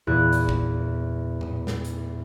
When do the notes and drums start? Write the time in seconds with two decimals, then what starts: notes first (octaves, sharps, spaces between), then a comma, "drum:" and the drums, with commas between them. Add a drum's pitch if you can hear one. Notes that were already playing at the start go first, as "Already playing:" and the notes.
0.07 E2 A#2 E4 F#6
0.33 drum: hi-hat
0.49 drum: kick
1.41 drum: tom A2
1.67 drum: snare
1.85 drum: hi-hat